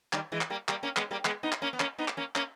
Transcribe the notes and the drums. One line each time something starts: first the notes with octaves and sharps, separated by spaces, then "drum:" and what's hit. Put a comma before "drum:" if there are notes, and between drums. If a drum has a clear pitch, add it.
D#3 G3, drum: clap
E3 G#3
drum: clap
G3 A#3
G3 A#3, drum: clap
A#3 C#4
G#3 B3, drum: clap
G3 A#3
G#3 B3, drum: clap
B3 D#4
drum: clap
A#3 C#4
B3
A#3 C#4, drum: clap
B3 D#4
drum: clap
A#3 C#4
A#3 C#4, drum: clap